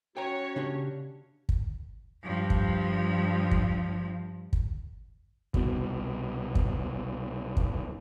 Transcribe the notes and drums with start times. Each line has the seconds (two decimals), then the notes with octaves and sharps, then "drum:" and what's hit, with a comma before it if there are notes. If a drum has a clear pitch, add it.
0.17 C#4 F#4 C#5 G5 A#5
0.56 C#3 D4 G4
1.49 drum: kick
2.23 G2 F3
2.50 drum: kick
3.51 drum: kick
4.53 drum: kick
5.54 C2 B2, drum: kick
6.55 drum: kick
7.57 drum: kick